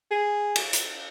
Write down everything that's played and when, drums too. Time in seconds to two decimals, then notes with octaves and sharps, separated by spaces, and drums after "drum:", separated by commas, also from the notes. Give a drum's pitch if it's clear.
0.11 G#4
0.56 drum: cymbal
0.73 drum: hi-hat